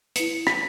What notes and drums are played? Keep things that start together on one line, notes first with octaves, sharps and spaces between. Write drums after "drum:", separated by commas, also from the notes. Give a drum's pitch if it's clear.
E4 B4 C#7, drum: hi-hat
B6, drum: rim click